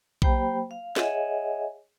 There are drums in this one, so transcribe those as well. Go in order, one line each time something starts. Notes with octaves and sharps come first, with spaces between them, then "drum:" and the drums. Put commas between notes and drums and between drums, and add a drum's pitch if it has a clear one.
F#3 A#3 G4 C5 G5 B5, drum: kick B1
F5
G#4 C#5 D#5 E5 F#5 G#5, drum: snare